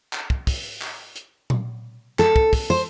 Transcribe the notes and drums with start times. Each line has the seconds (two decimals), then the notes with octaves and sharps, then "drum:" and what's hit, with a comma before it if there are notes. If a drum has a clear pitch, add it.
0.13 drum: clap
0.30 drum: kick
0.47 drum: kick, open hi-hat
0.81 drum: clap
1.16 drum: hi-hat
1.50 drum: tom A#2
2.19 A4, drum: clap
2.36 drum: kick
2.53 drum: kick, open hi-hat
2.70 C5